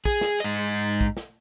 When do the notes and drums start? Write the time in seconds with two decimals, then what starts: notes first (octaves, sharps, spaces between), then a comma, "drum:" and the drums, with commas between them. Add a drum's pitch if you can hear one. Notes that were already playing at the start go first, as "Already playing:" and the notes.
0.05 G#4, drum: kick
0.21 drum: snare
0.40 G#2 D#5
1.01 drum: kick
1.17 drum: snare